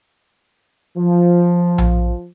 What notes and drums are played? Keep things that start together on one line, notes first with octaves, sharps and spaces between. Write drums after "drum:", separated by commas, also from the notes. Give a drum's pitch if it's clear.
F3
drum: tom A#1